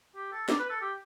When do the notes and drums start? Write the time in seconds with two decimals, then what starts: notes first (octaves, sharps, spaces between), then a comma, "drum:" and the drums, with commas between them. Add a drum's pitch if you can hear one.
0.15 G4
0.32 A4
0.49 D5, drum: snare
0.59 B4
0.70 A4
0.81 G4